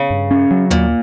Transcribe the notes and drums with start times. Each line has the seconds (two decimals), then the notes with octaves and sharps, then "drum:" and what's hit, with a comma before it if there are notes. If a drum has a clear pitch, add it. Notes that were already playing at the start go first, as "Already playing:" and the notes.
Already playing: C#3
0.10 G2
0.31 C#4
0.51 F#3
0.70 A#2 A#3, drum: tom D#2